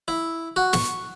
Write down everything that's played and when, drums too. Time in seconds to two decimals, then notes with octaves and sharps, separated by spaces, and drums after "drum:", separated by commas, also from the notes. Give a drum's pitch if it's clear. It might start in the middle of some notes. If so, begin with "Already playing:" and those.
0.08 E4
0.56 F#4
0.73 C#6, drum: snare